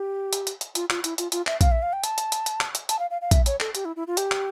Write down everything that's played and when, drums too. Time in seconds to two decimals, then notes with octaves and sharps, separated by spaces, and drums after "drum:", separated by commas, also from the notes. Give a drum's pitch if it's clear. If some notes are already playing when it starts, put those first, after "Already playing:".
Already playing: G4
0.33 drum: hi-hat
0.47 drum: hi-hat
0.61 drum: hi-hat
0.75 F4, drum: hi-hat
0.90 F4, drum: clap
1.04 E4, drum: hi-hat
1.18 F4, drum: hi-hat
1.32 F4, drum: hi-hat
1.47 E5, drum: clap
1.61 F5, drum: kick, hi-hat
1.71 E5
1.82 F5
1.93 G5
2.04 A5, drum: hi-hat
2.18 drum: hi-hat
2.32 drum: hi-hat
2.46 drum: hi-hat
2.61 drum: clap
2.75 drum: hi-hat
2.89 A5, drum: hi-hat
2.99 F5
3.10 F5
3.21 F5
3.31 E5, drum: kick, hi-hat
3.46 C#5, drum: hi-hat
3.60 A4, drum: clap
3.75 G4, drum: hi-hat
3.85 E4
3.96 E4
4.07 F4
4.17 G4, drum: hi-hat
4.31 drum: clap